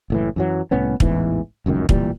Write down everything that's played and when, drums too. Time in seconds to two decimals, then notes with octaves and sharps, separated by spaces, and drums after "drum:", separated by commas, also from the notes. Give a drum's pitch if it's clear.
0.10 F#1 A2 E3
0.36 F#2 E3 F#3
0.71 C2 A2 B3 C#4
1.00 A1 E2 G#2 E3, drum: kick
1.66 F1 C#2 F#2 D#3
1.89 D1 A#2 E3 G3, drum: kick